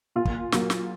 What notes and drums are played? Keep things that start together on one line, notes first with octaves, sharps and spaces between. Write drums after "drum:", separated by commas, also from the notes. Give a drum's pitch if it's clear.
A#2 F4
drum: kick
F#3 A#3, drum: snare
drum: snare